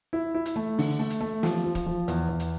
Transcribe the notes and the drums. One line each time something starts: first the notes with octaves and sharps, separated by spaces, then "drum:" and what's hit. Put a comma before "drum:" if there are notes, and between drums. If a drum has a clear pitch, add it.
E4
E4
drum: hi-hat
A3
D3, drum: open hi-hat
A3
drum: hi-hat
A3
F3, drum: snare
F3
drum: kick, hi-hat
F3
E2, drum: hi-hat
E2
drum: hi-hat